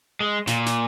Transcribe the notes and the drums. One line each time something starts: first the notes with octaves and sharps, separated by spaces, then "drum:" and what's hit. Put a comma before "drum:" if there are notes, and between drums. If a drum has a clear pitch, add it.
G#3
A#2, drum: snare
drum: snare